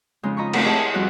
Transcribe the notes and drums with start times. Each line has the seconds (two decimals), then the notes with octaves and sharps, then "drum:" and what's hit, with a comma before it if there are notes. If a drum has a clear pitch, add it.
0.23 F2 C#3 G#3 D#4
0.37 F4 D#5 A#5 B5 C#6
0.54 G#2 A3 C4 D#4 F4, drum: cymbal
0.65 E4 G4 G#4 C#5 D#5 A5
0.78 G#5
0.94 F2 G3 F#4 F#6